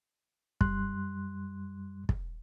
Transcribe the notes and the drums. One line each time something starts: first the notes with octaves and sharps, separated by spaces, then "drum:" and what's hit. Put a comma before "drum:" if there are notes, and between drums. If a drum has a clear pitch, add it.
F#2 G3 C6 F#6, drum: kick
drum: kick